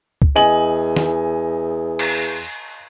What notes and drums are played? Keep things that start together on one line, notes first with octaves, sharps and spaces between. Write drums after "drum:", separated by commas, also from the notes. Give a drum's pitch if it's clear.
drum: kick
E2 D#5 G#5 F#7
drum: snare
drum: cymbal